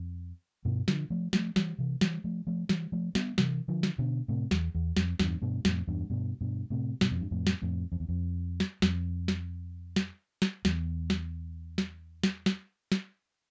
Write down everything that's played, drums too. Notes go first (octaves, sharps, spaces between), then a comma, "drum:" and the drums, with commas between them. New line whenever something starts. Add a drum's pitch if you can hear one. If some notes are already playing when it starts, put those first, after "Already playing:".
Already playing: F2
G2 B2
D3 F3, drum: snare
F3 A3
F3 A3, drum: snare
E3 G3, drum: snare
C3 E3
E3 G3, drum: snare
F3 A3
F3 A3
E3 G3, drum: snare
F3 A3
G3 B3, drum: snare
C3 E3, drum: snare
D3 F3
drum: snare
B2 D3
A2 C3
E2, drum: snare
E2
F2, drum: snare
E2 G2, drum: snare
G2 B2
F2 A2, drum: snare
E2 G2
G2 B2
G2 B2
A2 C3
G2 B2, drum: snare
F2
G2
F2 A2
drum: snare
F2 A2
F2
E2
F2
drum: snare
F2, drum: snare
drum: snare
drum: snare
drum: snare
E2, drum: snare
drum: snare
drum: snare
drum: snare
drum: snare
drum: snare